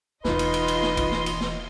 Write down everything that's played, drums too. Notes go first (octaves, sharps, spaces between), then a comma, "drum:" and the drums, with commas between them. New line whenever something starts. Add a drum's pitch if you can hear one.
E1 E3 D#4 F4 B4 D#5 C6, drum: snare
drum: cymbal
drum: cymbal
drum: cymbal
drum: snare
drum: kick A#1, cymbal
drum: snare
drum: cymbal
drum: snare